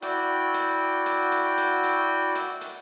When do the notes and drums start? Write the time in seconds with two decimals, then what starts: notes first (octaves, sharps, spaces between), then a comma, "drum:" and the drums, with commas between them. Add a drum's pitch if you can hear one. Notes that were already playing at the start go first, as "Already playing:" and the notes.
0.02 E4 F#4 D5 G5, drum: hi-hat
0.54 drum: hi-hat
1.06 drum: hi-hat
1.32 drum: hi-hat
1.58 drum: hi-hat
1.84 drum: hi-hat
2.35 drum: hi-hat
2.61 drum: hi-hat